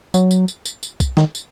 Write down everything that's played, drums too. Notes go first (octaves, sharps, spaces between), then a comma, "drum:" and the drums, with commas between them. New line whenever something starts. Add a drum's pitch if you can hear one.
F#3, drum: tambourine
drum: tambourine
drum: tambourine
drum: tambourine
drum: tambourine
drum: kick, tambourine
D#3, drum: snare
drum: tambourine